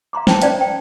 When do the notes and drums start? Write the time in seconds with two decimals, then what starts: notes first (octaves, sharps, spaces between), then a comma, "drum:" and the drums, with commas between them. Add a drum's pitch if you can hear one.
0.13 F5 A#5 C6 D6
0.27 C5 G5 A5, drum: snare
0.42 C#4 C5 D5 F5 G5, drum: hi-hat
0.61 G5